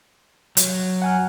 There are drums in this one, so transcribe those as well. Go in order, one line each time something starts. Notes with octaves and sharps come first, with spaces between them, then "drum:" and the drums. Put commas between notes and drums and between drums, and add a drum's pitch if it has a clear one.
F#3, drum: hi-hat
F#5 G#5 F6